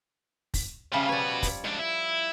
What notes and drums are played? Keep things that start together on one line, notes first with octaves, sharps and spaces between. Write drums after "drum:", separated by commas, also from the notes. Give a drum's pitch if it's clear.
drum: kick, open hi-hat
C#3 F3 G3 F4 E5
F#4 B4 C#5 D5
drum: kick, open hi-hat
G#2 D4
E4